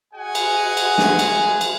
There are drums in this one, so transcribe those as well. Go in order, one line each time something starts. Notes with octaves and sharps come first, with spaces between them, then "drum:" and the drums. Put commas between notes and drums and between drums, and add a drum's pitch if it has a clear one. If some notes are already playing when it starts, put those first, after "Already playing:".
F#4 G#4 D#5 F#5 G#5
drum: cymbal
drum: cymbal
drum: snare
drum: cymbal
drum: cymbal